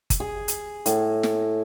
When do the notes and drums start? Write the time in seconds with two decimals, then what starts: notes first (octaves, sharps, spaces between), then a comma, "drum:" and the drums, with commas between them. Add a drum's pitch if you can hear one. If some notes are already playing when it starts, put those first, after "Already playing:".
0.10 drum: kick G1, hi-hat
0.20 G#4
0.48 drum: hi-hat
0.86 A2, drum: hi-hat
1.23 drum: snare